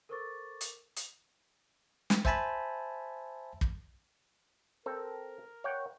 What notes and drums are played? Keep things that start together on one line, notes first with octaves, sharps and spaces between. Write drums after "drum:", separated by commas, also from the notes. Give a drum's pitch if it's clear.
A4 A#4 C5 C#6 D6 A6
drum: hi-hat
drum: hi-hat
drum: snare
C5 E5 G#5 A5 B5, drum: kick
drum: kick
C4 A4 A#4
C#5 F#5 G5